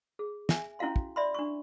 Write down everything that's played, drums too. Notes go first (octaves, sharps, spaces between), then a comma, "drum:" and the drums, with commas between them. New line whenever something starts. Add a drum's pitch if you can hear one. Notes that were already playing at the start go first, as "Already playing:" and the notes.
G#4
E5 G#5, drum: snare
C#4 E4 F#4 F5 C6
drum: kick
D5 E5 B5 C6
D4 C#6